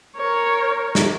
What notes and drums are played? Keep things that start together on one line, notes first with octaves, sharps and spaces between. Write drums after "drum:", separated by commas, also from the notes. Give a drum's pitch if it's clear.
A#4 C#5
drum: snare